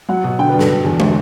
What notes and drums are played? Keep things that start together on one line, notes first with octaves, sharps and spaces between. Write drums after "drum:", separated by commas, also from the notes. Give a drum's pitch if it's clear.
F#3 F#5
B2
D3 G5
B4
G2
A4, drum: snare
B2
E2
D3, drum: tom